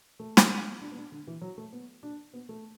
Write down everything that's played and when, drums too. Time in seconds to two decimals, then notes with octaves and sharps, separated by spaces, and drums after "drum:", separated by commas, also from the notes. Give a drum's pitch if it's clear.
0.19 A3
0.37 drum: snare
0.81 D4
0.92 B3
0.97 D4
1.12 D3
1.27 E3
1.41 F#3
1.57 A3
1.73 B3
2.03 D4
2.33 B3
2.49 A3